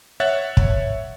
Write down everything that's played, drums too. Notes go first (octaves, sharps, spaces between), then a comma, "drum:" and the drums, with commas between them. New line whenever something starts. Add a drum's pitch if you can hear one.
C#5 E5 F#5 F#6 A6
drum: kick